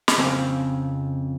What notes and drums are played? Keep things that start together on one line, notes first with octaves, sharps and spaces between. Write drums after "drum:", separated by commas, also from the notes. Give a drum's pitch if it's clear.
drum: snare
F2 C#3 F3 C4